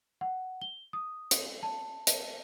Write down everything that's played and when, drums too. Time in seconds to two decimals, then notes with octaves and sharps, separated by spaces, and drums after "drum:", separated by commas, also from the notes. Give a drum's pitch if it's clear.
0.21 F#5
0.61 G7
0.93 D#6
1.31 drum: hi-hat
1.63 A5
2.07 drum: hi-hat